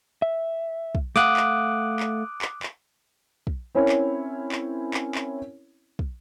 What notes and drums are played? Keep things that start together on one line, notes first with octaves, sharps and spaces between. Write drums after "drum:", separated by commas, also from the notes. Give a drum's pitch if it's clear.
E5
drum: kick
A3 F5 F#5 D6 D#6 F#6
drum: clap
drum: clap
drum: clap
drum: clap
drum: kick
C4 C#4 E4 A#4 C#5
drum: clap
drum: clap
drum: clap
drum: clap
drum: kick